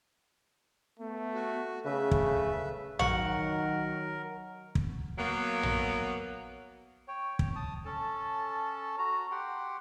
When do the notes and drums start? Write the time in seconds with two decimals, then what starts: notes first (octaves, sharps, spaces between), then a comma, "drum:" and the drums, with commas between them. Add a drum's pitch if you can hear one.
0.99 A3 B3
1.35 F#4
1.85 C#3 A3 G#4 B4 E5
2.11 drum: kick
2.99 D#3 F#3 A#4 F#5 C#6, drum: tom
4.75 drum: kick
5.18 F#3 A#3 B3
5.63 drum: tom
7.08 C#5 G5
7.39 drum: kick
7.56 A5 D#6
7.85 C#4 A4 A5
8.99 F#4 A#5
9.31 G4 F#5 G5 C6